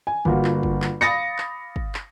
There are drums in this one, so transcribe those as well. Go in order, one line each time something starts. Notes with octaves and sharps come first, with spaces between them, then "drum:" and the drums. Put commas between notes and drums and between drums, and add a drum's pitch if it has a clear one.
G#5
G1 A#3 F4 F#4, drum: kick
drum: clap
drum: kick
drum: clap
F5 B5 D#6 A6 A#6 C#7
drum: clap
drum: kick
drum: clap